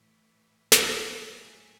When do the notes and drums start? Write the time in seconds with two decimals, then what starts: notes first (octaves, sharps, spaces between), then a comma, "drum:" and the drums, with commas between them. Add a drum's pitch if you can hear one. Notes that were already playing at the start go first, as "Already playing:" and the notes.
Already playing: A2 E3
0.72 A2 F#3, drum: snare
1.36 E5 G#5